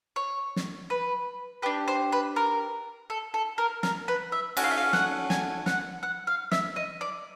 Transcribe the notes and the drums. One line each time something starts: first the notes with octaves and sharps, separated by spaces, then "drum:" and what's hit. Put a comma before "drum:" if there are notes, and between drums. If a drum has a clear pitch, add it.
C#5
drum: snare
B4
D4 G4 B4
C5
B4
A#4
A4
A4
A#4
A#4, drum: snare
B4
E5
C#4 F#4 A4 F#5, drum: cymbal
F5
E5
F5
F#5, drum: snare
G#5, drum: snare
F#5, drum: snare
F#5
F5
E5, drum: snare
D#5
D5